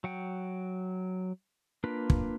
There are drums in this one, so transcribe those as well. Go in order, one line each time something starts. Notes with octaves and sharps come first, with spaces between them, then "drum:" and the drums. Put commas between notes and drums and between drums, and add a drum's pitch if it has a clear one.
F#3 F#5 G5
A#3 D4 F4 B4
drum: kick